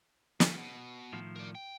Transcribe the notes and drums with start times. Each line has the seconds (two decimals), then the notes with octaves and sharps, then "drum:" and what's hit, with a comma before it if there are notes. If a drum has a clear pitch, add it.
0.40 A#2, drum: snare
0.57 B2
1.13 A2 D#3 F3
1.36 A#4 D5
1.55 G5